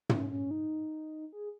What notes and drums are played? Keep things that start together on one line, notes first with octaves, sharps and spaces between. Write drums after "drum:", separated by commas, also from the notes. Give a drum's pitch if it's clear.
C#4, drum: tom
C#4
D#4
G#4